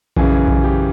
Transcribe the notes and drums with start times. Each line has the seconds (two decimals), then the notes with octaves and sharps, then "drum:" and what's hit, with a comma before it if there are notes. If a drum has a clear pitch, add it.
0.16 F#2 C#3 E3 G#4, drum: kick A#1
0.48 drum: kick A#1
0.63 G4